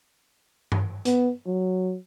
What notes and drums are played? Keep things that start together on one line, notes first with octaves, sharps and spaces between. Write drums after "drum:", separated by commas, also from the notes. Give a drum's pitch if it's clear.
drum: tom G2
B3, drum: hi-hat
F#3